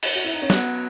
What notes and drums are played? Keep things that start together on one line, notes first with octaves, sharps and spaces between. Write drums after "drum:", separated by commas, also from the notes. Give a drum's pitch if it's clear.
drum: cymbal
F#4
E4
D#4
C#4
F#3 B3, drum: snare